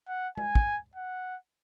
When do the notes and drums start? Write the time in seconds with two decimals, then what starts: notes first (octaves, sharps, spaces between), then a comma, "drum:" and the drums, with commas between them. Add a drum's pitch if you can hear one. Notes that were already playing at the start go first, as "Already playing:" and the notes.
0.08 F#5
0.37 G#5, drum: tom G#3
0.55 drum: kick
0.95 F#5